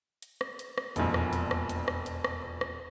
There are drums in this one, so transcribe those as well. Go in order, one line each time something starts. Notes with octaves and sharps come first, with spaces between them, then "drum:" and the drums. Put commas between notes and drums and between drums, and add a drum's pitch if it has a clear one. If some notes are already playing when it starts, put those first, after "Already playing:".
drum: hi-hat
drum: rim click
drum: hi-hat
drum: rim click
E1 A#1 F2, drum: hi-hat
drum: rim click
drum: hi-hat
drum: rim click
drum: hi-hat
drum: rim click
drum: hi-hat
drum: rim click
drum: rim click